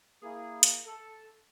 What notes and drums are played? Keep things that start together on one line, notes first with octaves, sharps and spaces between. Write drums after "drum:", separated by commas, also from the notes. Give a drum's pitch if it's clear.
A#3 E4 G#4
drum: hi-hat
A4